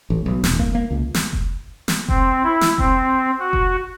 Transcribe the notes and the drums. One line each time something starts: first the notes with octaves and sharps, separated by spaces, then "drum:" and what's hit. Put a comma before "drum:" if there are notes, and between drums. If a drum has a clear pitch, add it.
A1
B1
D#1, drum: snare
A#3, drum: kick F1
A#3
C#2
drum: snare
drum: kick F1
drum: snare
C4, drum: kick F1
E4
drum: snare
C4, drum: kick F1
F#4
drum: kick F1